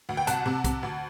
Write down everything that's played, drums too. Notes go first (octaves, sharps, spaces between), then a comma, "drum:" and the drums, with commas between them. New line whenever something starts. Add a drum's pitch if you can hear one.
D2
G5
C2 F#5 A5, drum: hi-hat
C3
C3, drum: kick B1, hi-hat
D2